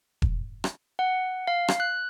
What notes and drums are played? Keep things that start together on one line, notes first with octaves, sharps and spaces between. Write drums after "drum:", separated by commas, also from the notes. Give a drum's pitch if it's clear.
drum: kick E1
drum: rim click
F#5
F5
drum: rim click
F#6